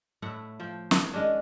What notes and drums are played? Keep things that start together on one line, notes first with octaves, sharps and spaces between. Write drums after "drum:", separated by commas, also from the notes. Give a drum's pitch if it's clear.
A2 A3 E4 F#5
F3 G5
drum: snare
D#3 G#3 C#4 D4